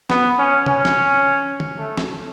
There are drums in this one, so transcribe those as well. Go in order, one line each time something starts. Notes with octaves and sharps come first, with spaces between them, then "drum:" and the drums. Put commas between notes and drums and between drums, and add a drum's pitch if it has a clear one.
B3, drum: snare
C#4
C#4, drum: tom
drum: snare
drum: tom D3
A3
drum: snare